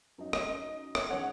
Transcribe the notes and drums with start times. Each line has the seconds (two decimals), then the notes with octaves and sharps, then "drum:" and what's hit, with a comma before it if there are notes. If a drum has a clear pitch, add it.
0.18 F#2 F#3 D#4
0.33 D#5, drum: rim click
0.49 D#5
0.95 drum: rim click
1.10 D#3 G#3 C#4 C#5 F#5